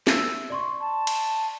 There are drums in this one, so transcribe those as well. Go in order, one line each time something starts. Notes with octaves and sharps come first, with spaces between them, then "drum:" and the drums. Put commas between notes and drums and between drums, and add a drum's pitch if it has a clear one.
E5 E6, drum: snare
D5 C6 C#6
A5
drum: cymbal